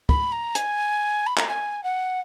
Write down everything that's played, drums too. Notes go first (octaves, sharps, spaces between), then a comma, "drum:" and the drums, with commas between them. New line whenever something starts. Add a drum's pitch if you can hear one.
B5, drum: kick
A#5
G#5, drum: hi-hat
B5
A#5, drum: clap
G#5
F#5